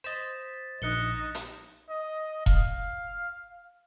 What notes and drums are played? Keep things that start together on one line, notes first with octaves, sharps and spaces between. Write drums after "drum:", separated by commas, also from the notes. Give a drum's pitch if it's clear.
C5 D#5 A6 B6 E7
A#1 D#4 F#6 C#7 G7
drum: hi-hat
D#5
F5, drum: kick E1